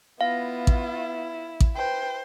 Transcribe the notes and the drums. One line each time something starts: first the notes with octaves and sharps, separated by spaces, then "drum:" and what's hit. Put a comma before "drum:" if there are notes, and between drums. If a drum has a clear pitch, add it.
B3 E4 F4 F5
drum: kick A1
drum: kick A1
B4 C5 G5